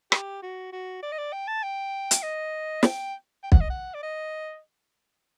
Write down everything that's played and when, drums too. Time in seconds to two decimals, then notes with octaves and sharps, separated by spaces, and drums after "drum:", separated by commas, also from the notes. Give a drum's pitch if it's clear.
0.12 G4, drum: rim click
0.42 F#4
0.72 F#4
1.02 D5
1.12 D#5
1.18 D5
1.32 G5
1.48 A5
1.63 G5
2.11 drum: hi-hat
2.23 D#5
2.83 G5, drum: snare
3.43 G5
3.52 F#5, drum: kick
3.61 D#5
3.70 F#5
3.94 D5
4.03 D#5